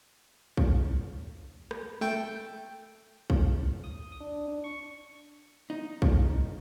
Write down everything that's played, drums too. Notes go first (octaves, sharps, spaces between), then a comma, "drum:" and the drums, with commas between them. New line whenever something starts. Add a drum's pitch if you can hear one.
drum: kick B1
drum: rim click
A3 G5
drum: kick B1
D#6
D4
D4
C#6
D#4
drum: kick B1